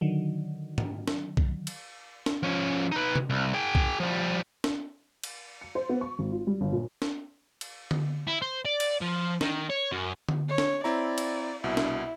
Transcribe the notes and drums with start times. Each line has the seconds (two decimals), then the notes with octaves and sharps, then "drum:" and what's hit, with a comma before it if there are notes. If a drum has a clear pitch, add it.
0.01 D3 D#3 F#3
0.78 drum: tom
1.08 drum: snare D4
1.37 drum: kick C2
1.67 drum: cymbal
2.26 drum: snare D4
2.43 F3 C#4
2.92 D#4 B4
3.15 drum: tom
3.30 C2
3.54 G#4 G5
3.75 drum: kick C2
4.00 F3 G3
4.64 drum: snare D4
5.23 drum: cymbal
5.61 C#7
5.75 C5
5.89 B3
6.01 C#6
6.19 G#1
6.31 F4
6.47 G3
6.61 G1
6.72 A#2
7.02 drum: snare D4
7.61 drum: cymbal
7.91 drum: tom D3
8.27 E4
8.42 C5
8.65 D5
8.80 drum: cymbal
9.01 F3
9.41 D#3, drum: snare D4
9.69 C#5
9.92 F#2
10.29 drum: tom D3
10.49 C#5
10.58 drum: snare D4
10.84 C4 E4 D5 A#5
11.18 drum: cymbal
11.64 C2 B2 E4
11.77 drum: snare D4